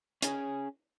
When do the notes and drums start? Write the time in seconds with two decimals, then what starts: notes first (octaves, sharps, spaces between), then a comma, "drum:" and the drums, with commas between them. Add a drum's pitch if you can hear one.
0.22 C#4 G#4, drum: hi-hat